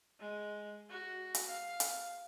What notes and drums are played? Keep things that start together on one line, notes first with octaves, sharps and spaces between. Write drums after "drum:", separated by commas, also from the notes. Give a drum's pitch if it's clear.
G#3
F#4
drum: hi-hat
F5
drum: hi-hat